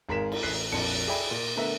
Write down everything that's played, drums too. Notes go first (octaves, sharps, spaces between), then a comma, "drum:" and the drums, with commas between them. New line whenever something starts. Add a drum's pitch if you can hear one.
G#1 G#3 A#4 F5 B6 E7
drum: cymbal
A1 A4 F#6 B6 C7
A#1 F2 A5 C#7, drum: cymbal
G#4 A4 D5 E5 G5 B5
A#2
D3 A3 B3 A#4 E5